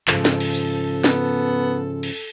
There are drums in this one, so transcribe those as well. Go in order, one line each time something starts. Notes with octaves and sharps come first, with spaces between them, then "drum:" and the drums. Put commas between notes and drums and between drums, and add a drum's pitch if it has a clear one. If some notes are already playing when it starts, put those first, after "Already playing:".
G#2 C#3 F3 A4, drum: clap
drum: snare
drum: cymbal
drum: tambourine
B3, drum: snare
drum: cymbal